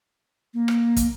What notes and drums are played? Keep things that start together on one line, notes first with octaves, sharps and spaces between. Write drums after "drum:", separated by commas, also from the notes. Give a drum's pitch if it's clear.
A#3
drum: rim click
drum: kick, hi-hat